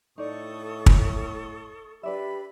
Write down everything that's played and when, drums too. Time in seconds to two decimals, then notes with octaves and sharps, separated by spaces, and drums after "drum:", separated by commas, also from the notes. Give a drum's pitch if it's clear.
0.18 A2 D#4 A4 D5 C#6 D#6
0.86 drum: kick
2.03 D4 G4 B4 D5 E5 B5